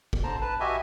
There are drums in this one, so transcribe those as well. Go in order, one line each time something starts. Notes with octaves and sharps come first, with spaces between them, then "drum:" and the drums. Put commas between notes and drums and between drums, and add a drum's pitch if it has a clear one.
drum: kick
D3 C5 A5 A#5
B4 A5
F#4 G4 D#5 E5 G#5